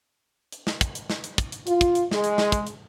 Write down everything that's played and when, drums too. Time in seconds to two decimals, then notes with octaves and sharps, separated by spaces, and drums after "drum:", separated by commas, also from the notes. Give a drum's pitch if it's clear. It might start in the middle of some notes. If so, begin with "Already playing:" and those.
0.52 drum: hi-hat
0.67 drum: snare
0.81 drum: kick, hi-hat
0.95 drum: hi-hat
1.10 drum: snare
1.24 drum: hi-hat
1.38 drum: kick, hi-hat
1.52 drum: hi-hat
1.67 F4, drum: hi-hat
1.81 drum: kick, hi-hat
1.95 drum: hi-hat
2.11 G#3, drum: snare
2.24 drum: hi-hat
2.38 drum: snare
2.52 drum: kick, hi-hat
2.67 drum: hi-hat